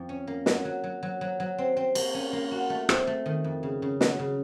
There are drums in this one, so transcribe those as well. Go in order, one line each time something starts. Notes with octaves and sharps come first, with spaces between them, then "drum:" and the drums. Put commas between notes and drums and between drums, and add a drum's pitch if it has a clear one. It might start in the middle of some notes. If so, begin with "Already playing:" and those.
Already playing: F2
C#4
A#3
F#3, drum: snare
F#3
F#3
F#3
F#3
F#3
C4
C4
A#3, drum: cymbal
C#4
A#3
F#4
A3
C4, drum: rim click
A3
D#3
F2
C#3
C#3
F#3, drum: snare
C#3